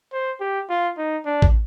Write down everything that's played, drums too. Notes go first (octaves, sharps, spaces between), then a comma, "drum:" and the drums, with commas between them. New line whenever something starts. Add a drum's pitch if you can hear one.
C5
G4
F4
D#4
D4
drum: kick